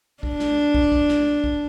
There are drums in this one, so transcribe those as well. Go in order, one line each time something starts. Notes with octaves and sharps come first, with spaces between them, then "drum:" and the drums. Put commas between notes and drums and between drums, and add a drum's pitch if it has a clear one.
D4, drum: kick
drum: snare
drum: kick
drum: kick
drum: snare
drum: kick